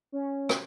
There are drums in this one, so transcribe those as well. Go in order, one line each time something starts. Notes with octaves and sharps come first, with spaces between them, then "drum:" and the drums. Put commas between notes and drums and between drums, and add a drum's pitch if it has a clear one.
C#4
drum: rim click